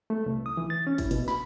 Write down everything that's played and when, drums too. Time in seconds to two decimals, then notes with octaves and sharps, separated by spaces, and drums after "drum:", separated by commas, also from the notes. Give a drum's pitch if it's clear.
0.10 A3
0.26 C2
0.46 D#6
0.57 E3
0.70 A6
0.87 C#4
0.98 E4, drum: kick, hi-hat
1.11 B2, drum: hi-hat
1.28 B5, drum: snare